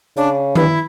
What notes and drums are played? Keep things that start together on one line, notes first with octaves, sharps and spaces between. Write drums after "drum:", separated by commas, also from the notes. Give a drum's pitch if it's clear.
C#3 D4
G2 E4, drum: tom D#3